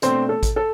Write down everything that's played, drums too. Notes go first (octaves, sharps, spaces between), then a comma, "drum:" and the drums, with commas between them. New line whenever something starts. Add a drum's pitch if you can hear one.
B2 A3 C4 D4 C5, drum: hi-hat
A4
drum: kick A1, hi-hat
A4